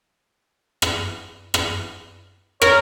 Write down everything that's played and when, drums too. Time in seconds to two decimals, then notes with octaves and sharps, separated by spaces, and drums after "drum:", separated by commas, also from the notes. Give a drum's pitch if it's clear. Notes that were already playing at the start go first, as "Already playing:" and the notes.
0.82 drum: rim click
1.54 drum: rim click
2.62 A#4 C#5, drum: rim click